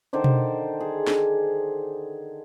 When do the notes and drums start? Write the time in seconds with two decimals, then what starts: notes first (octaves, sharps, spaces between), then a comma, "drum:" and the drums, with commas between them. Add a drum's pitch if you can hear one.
0.13 D3 D#3 C5 D5
0.24 drum: tom B2
0.80 G#4
1.07 drum: snare